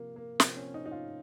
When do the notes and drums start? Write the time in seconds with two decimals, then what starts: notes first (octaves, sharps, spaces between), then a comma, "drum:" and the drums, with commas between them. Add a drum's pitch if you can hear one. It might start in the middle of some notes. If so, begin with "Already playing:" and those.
Already playing: C3 F3 A#3
0.16 A#3
0.40 C3 F3 C4, drum: snare
0.57 C#4
0.74 D#4
0.86 D#4
0.91 F4